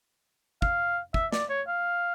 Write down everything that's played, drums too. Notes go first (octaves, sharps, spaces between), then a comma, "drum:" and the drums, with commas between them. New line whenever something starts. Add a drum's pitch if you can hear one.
F5, drum: kick
E5, drum: kick
D5, drum: snare
C#5
F5